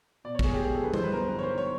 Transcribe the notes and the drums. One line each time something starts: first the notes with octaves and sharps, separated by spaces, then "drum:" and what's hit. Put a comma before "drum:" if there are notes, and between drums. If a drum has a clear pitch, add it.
B2 D5
C#5
B2 G#4, drum: kick
G#3 G4
G#4
B1
A4
G1 B4
C5, drum: tom G3
F2 B4
F2 A#4
G1 B4
C#5
D#3 C5
F#3 C#5